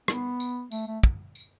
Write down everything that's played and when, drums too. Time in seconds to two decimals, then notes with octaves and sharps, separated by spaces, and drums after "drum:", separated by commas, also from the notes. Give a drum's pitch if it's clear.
0.08 B3, drum: rim click
0.40 drum: tambourine
0.72 A3, drum: tambourine
0.88 A3
1.03 drum: kick
1.35 drum: tambourine